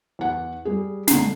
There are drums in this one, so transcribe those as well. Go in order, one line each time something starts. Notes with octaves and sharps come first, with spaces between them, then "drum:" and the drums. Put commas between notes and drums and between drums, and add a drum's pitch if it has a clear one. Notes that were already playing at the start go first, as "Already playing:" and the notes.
E2 F#5
G3 G#4
D3 G#3 A#5 C7, drum: snare